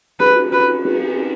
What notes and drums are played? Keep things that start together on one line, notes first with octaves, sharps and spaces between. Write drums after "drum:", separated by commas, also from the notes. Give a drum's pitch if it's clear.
B4, drum: cymbal
B4
drum: cymbal